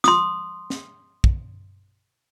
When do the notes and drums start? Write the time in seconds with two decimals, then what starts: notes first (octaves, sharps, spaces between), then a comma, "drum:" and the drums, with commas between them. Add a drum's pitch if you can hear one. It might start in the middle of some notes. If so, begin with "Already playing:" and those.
0.04 C6 D#6, drum: snare
0.70 drum: snare
1.24 drum: kick